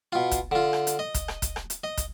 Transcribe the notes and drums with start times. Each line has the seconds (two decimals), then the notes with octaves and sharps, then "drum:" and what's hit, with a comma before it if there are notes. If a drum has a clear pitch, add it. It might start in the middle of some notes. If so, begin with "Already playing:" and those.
0.13 B2 F4
0.31 drum: kick, hi-hat
0.51 D3 F4
0.73 drum: rim click
0.87 drum: hi-hat
0.99 D#5
1.14 drum: kick, hi-hat
1.28 drum: rim click
1.42 drum: kick, hi-hat
1.56 drum: rim click
1.70 drum: hi-hat
1.84 D#5
1.97 drum: kick, hi-hat